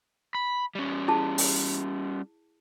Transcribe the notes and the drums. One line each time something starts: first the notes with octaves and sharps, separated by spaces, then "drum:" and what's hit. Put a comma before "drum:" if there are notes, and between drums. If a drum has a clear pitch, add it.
B5
G3 C#4
E4 G#4 A5
drum: open hi-hat